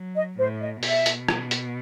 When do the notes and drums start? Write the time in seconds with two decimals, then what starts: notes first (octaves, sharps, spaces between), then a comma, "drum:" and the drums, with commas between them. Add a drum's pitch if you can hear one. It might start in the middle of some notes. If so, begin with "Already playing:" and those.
Already playing: F#3
0.15 D#5
0.38 A2 C5
0.61 D#5
0.83 B2 E5, drum: open hi-hat
1.06 drum: hi-hat
1.29 drum: rim click
1.51 drum: hi-hat